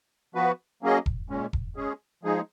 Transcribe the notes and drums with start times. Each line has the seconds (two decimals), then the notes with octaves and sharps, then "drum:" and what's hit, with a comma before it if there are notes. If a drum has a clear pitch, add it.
0.35 F3 B3 F#4 B4
0.83 F#3 A#3 C#4 G#4 D#5
1.06 drum: kick E1
1.30 A#2 G#3 C#4
1.53 drum: kick E1
1.76 G#3 C#4 G#4
2.23 F3 G#3 D#4 G#4